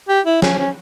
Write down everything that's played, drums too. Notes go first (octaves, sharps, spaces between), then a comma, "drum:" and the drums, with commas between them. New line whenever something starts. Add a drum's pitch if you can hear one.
G4
E4
C#4, drum: snare
C#4